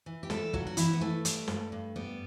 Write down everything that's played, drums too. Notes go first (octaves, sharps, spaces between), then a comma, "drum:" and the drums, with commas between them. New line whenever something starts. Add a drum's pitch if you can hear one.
E3
G4
G3 A3 A4, drum: snare
G2 F#3 F#4, drum: kick
F#4
G2 E3 E4, drum: hi-hat
B3
E3 A3
G3, drum: hi-hat
G2, drum: snare
G2
G3 B3